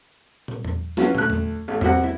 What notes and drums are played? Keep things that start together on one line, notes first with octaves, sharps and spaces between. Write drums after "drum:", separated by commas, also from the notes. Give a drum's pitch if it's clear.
drum: tom
drum: tom E2
E3 F#3 C#4 F4 F#4, drum: snare
D2 F#6, drum: tom
drum: tom E2
A1
C2 F#4 F#5, drum: tom E2
E4